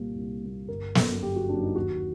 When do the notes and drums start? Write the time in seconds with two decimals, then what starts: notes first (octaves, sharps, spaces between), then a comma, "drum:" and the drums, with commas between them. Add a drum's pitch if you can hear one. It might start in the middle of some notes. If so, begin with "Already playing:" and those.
Already playing: C2 A#2 G3 A#3
0.15 C2
0.42 A#2 G3 A#3
0.69 G1 A#4
0.95 F#2 F#3 A#3 A4, drum: snare
1.22 G1 G4
1.36 F#4
1.49 F#2 F#3 A#3 D4
1.63 D#4
1.76 D#2 F#4